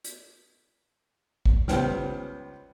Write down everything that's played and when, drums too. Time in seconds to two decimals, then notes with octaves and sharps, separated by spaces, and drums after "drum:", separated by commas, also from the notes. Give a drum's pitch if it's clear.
0.04 drum: hi-hat
1.46 drum: kick
1.68 C#2 G3 B3 C5 G5 F6, drum: snare